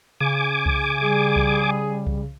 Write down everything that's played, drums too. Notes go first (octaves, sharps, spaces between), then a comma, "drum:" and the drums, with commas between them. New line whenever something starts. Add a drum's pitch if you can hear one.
C#3 G#5 D6
drum: kick C2
G3 G#4
drum: kick C2
drum: kick C2